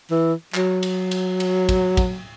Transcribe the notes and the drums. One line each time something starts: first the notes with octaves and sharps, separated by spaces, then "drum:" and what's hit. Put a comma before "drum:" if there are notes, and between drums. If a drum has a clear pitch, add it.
E3
F#3, drum: clap
drum: cymbal
drum: cymbal
drum: cymbal
drum: kick, cymbal
drum: kick, cymbal